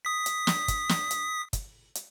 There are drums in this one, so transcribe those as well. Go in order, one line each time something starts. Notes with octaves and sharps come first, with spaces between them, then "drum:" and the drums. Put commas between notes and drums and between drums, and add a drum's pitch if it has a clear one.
D#6 B6
drum: hi-hat
drum: snare
drum: kick, hi-hat
drum: snare
drum: hi-hat
drum: kick, hi-hat
drum: hi-hat